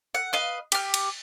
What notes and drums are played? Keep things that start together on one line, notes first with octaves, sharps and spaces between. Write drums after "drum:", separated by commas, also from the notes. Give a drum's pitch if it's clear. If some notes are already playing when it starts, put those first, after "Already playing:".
F#5
B4 D#5 F5
G4 F6, drum: cymbal
drum: cymbal